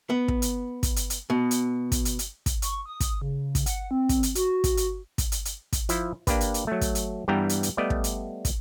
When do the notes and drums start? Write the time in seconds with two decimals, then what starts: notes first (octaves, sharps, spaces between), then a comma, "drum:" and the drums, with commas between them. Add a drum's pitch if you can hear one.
0.10 B3
0.28 drum: kick
0.42 drum: hi-hat
0.83 drum: kick, hi-hat
0.96 drum: hi-hat
1.10 drum: hi-hat
1.30 B2
1.51 drum: hi-hat
1.92 drum: kick, hi-hat
2.05 drum: hi-hat
2.19 drum: hi-hat
2.46 drum: kick, hi-hat
2.62 C#6, drum: hi-hat
2.86 D#6
3.00 drum: kick, hi-hat
3.21 C#3
3.55 drum: kick, hi-hat
3.66 F#5, drum: hi-hat
3.91 C4
4.09 drum: kick, hi-hat
4.23 drum: hi-hat
4.35 F#4, drum: hi-hat
4.64 drum: kick, hi-hat
4.77 drum: hi-hat
5.18 drum: kick, hi-hat
5.32 drum: hi-hat
5.45 drum: hi-hat
5.73 drum: kick, hi-hat
5.89 F3 E4 E5, drum: hi-hat
6.27 A#3 D4 G4 B4, drum: kick, hi-hat
6.41 drum: hi-hat
6.54 drum: hi-hat
6.67 F#3 A3
6.81 drum: kick, hi-hat
6.95 drum: hi-hat
7.28 G2 E3 G3 B3 G5 A#5
7.49 drum: hi-hat
7.63 drum: hi-hat
7.77 G3 A3 B3 D5 D#5
7.90 drum: kick
8.04 drum: hi-hat
8.45 drum: kick, hi-hat